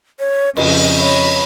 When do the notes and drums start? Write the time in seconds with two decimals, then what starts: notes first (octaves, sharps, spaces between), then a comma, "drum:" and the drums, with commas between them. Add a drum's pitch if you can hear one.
0.19 C#5
0.57 F2 C#3 D#5, drum: cymbal
0.96 C#5 B5